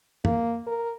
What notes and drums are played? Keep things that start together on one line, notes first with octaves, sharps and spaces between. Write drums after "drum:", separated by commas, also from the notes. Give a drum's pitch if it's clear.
A#3, drum: tom F#2
A#4